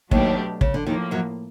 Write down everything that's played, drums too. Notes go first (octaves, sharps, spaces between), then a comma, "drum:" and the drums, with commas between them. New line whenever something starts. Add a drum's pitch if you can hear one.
D#2 B2 D#3 F#3 A3 D4 G4, drum: kick
C#3, drum: kick
D3
D#2 A2 D#3 F3 A#3
F#2 F#3